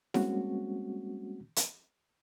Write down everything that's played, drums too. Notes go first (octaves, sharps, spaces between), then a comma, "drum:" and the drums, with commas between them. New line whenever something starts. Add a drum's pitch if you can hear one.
G3 G#3 A#3 C4 C#4 F#4, drum: snare E4
drum: hi-hat